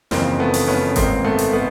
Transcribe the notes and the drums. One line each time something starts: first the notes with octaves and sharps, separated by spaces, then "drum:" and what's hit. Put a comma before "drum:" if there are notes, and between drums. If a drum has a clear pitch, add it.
F#1 F2 C#3 E3 A#3 C4, drum: snare
A3 B3
drum: open hi-hat
B3 C#4
A1 G#2 D#3 A#3 C4, drum: kick G1, hi-hat
A3 B3
drum: hi-hat
A3 B3